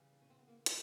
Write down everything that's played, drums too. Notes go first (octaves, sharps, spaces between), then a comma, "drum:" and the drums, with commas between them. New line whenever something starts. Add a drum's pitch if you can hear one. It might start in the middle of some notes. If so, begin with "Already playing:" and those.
Already playing: C#3 E3 G3
D4
C#4
C4
B3
A#3
drum: hi-hat